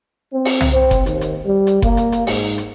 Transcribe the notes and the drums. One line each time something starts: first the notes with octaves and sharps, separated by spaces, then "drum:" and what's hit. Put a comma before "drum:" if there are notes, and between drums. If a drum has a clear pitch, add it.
C4
drum: open hi-hat
drum: tom
C4
drum: kick F#1, hi-hat
D#2, drum: hi-hat
drum: hi-hat
G3
drum: hi-hat
A#3, drum: kick F#1, hi-hat
drum: hi-hat
drum: hi-hat
G#2, drum: open hi-hat
drum: hi-hat